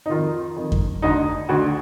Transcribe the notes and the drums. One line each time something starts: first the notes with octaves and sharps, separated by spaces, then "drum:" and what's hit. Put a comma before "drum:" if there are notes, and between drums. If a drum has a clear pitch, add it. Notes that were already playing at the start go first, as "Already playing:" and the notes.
D#4
F2 D#3 F4
F2 D#3
drum: kick F2
D2 D3 D#4
D2 D3 F#4